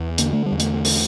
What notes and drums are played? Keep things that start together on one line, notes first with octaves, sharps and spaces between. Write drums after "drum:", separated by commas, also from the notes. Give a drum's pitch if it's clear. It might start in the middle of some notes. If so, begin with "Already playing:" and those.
Already playing: E2
D3 A#3, drum: hi-hat
A3
G3
E2
A3, drum: hi-hat
drum: open hi-hat